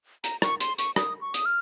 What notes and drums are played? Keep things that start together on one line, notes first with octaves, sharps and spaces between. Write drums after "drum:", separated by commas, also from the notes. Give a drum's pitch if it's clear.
A#5, drum: hi-hat
C#6, drum: rim click
C6, drum: hi-hat
C#6, drum: hi-hat
D#6, drum: rim click
C#6
D#6, drum: hi-hat
F6